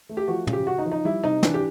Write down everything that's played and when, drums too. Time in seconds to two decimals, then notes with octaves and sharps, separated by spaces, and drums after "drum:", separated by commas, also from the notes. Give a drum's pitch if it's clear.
0.09 A3
0.17 G4
0.28 F3 F#4
0.47 C#3, drum: tom
0.53 G4
0.67 C#3 F#4
0.78 D#4
0.85 F3
0.92 D#4
1.05 G3 E4
1.24 C3 D#4
1.43 E3 D4, drum: snare
1.54 G4